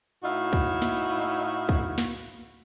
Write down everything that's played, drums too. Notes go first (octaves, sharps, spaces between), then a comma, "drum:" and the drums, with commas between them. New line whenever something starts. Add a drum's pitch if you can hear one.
A2 D#4 E4 F#4 F5
drum: kick
drum: snare
drum: kick
drum: snare